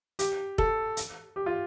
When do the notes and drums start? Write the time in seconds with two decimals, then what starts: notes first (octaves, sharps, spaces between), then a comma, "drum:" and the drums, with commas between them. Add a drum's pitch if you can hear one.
0.19 G4, drum: hi-hat
0.58 A4, drum: kick F1
0.97 drum: hi-hat
1.36 G4
1.46 F4